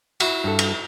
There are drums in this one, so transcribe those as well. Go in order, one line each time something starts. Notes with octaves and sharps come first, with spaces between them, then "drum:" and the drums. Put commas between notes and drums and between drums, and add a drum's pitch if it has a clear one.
E4 F#4, drum: cymbal
G2 A4
drum: cymbal